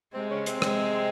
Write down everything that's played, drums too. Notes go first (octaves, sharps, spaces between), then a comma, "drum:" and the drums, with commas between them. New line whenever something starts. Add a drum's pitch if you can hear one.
C3 G#3 C4
C#3 C#4
C3 C4, drum: hi-hat
G#3, drum: rim click